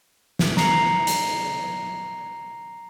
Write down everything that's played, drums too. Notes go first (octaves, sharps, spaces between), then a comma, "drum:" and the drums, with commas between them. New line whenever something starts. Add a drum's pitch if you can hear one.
drum: snare
A#5 A#6 C7 C#7 F7 F#7, drum: snare
drum: hi-hat